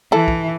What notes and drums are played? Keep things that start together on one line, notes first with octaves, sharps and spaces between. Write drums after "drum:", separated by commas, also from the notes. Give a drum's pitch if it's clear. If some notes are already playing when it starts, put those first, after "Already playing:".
E3 E4 A4
drum: kick